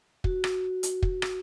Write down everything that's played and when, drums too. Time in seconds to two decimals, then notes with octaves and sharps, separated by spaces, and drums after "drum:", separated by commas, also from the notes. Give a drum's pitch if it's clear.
0.24 F#4, drum: kick
0.44 drum: rim click
0.83 drum: hi-hat
1.03 drum: kick
1.22 drum: rim click